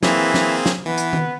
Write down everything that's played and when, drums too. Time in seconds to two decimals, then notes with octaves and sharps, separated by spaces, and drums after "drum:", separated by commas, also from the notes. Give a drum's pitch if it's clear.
0.03 E3 A#3 C4 G#4, drum: snare
0.34 drum: snare
0.66 drum: snare
0.86 E3 B3
0.97 drum: hi-hat
1.13 drum: tom D#3